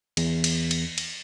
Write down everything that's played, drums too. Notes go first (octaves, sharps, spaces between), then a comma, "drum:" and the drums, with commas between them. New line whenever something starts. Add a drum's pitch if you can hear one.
E2, drum: cymbal
drum: cymbal
drum: cymbal
drum: cymbal